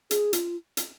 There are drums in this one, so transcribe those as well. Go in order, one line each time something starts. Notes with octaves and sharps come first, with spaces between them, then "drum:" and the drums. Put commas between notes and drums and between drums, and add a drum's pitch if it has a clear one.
G#4, drum: hi-hat
F4, drum: hi-hat
drum: hi-hat